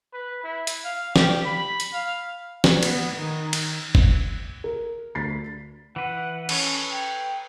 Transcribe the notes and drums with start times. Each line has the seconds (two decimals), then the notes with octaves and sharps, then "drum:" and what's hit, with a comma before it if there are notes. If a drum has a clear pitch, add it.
0.13 B4
0.44 E4
0.67 drum: hi-hat
0.85 F5
1.16 G4, drum: snare
1.46 B5
1.80 drum: hi-hat
1.93 F5
2.64 drum: snare
2.83 B3, drum: cymbal
3.15 D#3
3.53 drum: cymbal
3.95 drum: kick G1
4.64 A#4
5.15 D2 A6 B6 C7
5.96 E3 B4 F#5
6.49 C#4 A4 B4 C#5, drum: cymbal
6.90 G5